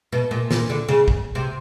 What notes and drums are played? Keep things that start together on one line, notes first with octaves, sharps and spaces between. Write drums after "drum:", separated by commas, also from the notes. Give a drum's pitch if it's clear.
B2
A#2
A#2, drum: snare
D3
C#3
drum: kick
C3